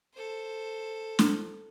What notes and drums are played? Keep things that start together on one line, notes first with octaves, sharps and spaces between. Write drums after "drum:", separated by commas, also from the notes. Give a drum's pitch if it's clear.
A4 C5
drum: snare